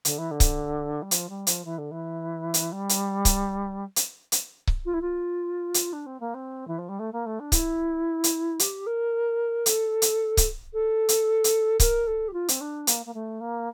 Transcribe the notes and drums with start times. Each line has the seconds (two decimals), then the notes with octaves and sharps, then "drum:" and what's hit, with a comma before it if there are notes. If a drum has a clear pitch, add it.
0.05 D3, drum: hi-hat
0.18 E3
0.31 D3
0.40 drum: kick C#1, hi-hat
1.02 G3
1.11 F3, drum: hi-hat
1.29 G3
1.47 F3, drum: hi-hat
1.64 E3
1.78 D3
1.91 E3
2.54 drum: hi-hat
2.72 G3
2.89 drum: hi-hat
3.25 drum: kick C#1, hi-hat
3.96 drum: hi-hat
4.32 drum: hi-hat
4.67 drum: kick C#1
4.85 F4
4.93 E4
5.01 F4
5.74 drum: hi-hat
5.92 D4
6.06 C4
6.20 A#3
6.34 C4
6.67 E3
6.78 F3
6.88 G3
6.99 A3
7.12 A#3
7.26 A3
7.39 D4
7.52 E4, drum: kick C#1, hi-hat
8.24 drum: hi-hat
8.59 G4, drum: hi-hat
8.86 A#4
9.66 A4, drum: hi-hat
10.02 drum: hi-hat
10.37 drum: kick C#1, hi-hat
10.73 A4
11.09 drum: hi-hat
11.44 drum: hi-hat
11.80 A#4, drum: kick C#1, hi-hat
12.07 A4
12.28 G4
12.33 F4
12.48 C4, drum: hi-hat
12.60 D4
12.87 A#3, drum: hi-hat
13.05 A#3
13.14 A3
13.40 A#3